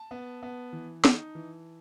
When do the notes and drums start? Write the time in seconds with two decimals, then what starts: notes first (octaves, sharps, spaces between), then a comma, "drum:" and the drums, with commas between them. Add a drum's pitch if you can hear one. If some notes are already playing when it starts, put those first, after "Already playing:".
Already playing: A5
0.11 B3
0.43 B3
0.73 E3
1.05 D#4, drum: snare
1.35 E3